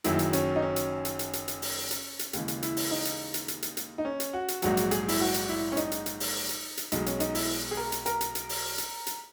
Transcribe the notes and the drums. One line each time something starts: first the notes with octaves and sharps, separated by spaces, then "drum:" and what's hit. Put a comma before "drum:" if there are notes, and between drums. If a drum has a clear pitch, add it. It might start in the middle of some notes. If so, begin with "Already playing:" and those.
F#1 F#2 D#3 F#3 E4, drum: hi-hat
drum: hi-hat
C#4, drum: hi-hat
D#4
C#4
drum: hi-hat
drum: hi-hat
drum: hi-hat
drum: hi-hat
drum: hi-hat
drum: open hi-hat
drum: hi-hat
drum: hi-hat
D#2 C#3 E3 G#3, drum: hi-hat
drum: hi-hat
E4, drum: hi-hat
drum: open hi-hat
D#4
drum: hi-hat
drum: hi-hat
drum: hi-hat
drum: hi-hat
drum: hi-hat
D#4
C#4
drum: hi-hat
F#4
drum: hi-hat
A#1 G#2 F#3 F#4, drum: hi-hat
drum: hi-hat
G#4, drum: hi-hat
E4, drum: open hi-hat
F#4
drum: hi-hat
E4
C#4
D#4, drum: hi-hat
drum: hi-hat
drum: hi-hat
drum: open hi-hat
drum: hi-hat
drum: hi-hat
B1 B2 G#3 D#4, drum: hi-hat
C#4, drum: hi-hat
D#4, drum: hi-hat
E4, drum: open hi-hat
G#4
A#4
drum: hi-hat
A#4, drum: hi-hat
drum: hi-hat
drum: hi-hat
drum: open hi-hat
drum: hi-hat
drum: hi-hat